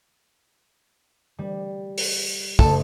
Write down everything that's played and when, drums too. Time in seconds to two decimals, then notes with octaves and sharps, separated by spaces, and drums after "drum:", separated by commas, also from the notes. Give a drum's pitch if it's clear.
1.39 G3
1.98 drum: open hi-hat
2.59 F#1 A3 A4, drum: kick